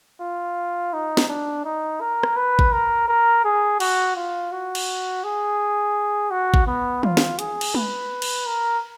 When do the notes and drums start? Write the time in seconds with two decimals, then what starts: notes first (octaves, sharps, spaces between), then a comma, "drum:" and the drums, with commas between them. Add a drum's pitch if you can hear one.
0.21 F4
0.93 D#4
1.17 drum: snare
1.29 D4
1.65 D#4
2.01 A#4
2.23 drum: rim click
2.36 B4
2.59 drum: kick G#1
2.72 A#4
3.08 A#4
3.44 G#4
3.80 F#4, drum: cymbal
4.16 F4
4.52 F#4
4.75 drum: cymbal
5.24 G#4
6.31 F#4
6.54 drum: kick G#1
6.67 B3
7.03 F4, drum: tom
7.17 drum: snare
7.39 G#4, drum: hi-hat
7.61 drum: cymbal
7.75 B4, drum: tom
8.22 drum: cymbal
8.46 A#4